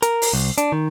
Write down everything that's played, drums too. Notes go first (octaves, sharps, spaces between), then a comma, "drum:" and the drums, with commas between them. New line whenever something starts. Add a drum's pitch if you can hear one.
A#4, drum: hi-hat
drum: open hi-hat
C2
D4, drum: hi-hat
D#3